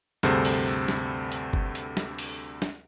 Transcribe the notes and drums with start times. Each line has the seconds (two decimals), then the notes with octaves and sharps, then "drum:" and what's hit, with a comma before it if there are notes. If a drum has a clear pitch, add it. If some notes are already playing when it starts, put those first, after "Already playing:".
0.23 D2 G2 C3 G#4 A4 C5, drum: snare
0.45 drum: open hi-hat
0.88 drum: snare
1.32 drum: hi-hat
1.53 drum: kick G1
1.75 drum: hi-hat
1.97 drum: snare
2.18 drum: open hi-hat
2.62 drum: snare